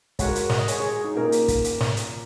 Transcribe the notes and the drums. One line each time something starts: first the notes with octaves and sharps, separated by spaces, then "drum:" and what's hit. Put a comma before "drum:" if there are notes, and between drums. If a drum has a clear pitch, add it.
G#3 F#4 A#4 C#5 F#5, drum: kick, hi-hat
drum: hi-hat
F#5, drum: snare
D#5
G#4 C#5, drum: hi-hat
G#4 C#5
G#4
D#4
A#2 A#3 C#4 D#4 A#4
drum: hi-hat
drum: kick, hi-hat
drum: hi-hat
drum: snare
drum: hi-hat